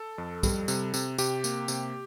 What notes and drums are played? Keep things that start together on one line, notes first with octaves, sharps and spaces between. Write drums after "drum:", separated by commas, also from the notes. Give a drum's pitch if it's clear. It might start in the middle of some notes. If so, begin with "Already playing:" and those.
Already playing: A4
F2
G3, drum: kick, tambourine
C3, drum: tambourine
C3, drum: tambourine
C3 G4, drum: tambourine
A#3, drum: tambourine
C3, drum: tambourine